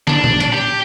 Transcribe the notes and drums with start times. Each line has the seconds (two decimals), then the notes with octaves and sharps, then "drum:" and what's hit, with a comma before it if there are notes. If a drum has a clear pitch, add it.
0.07 D4, drum: snare
0.24 drum: tom
0.40 drum: hi-hat
0.53 G4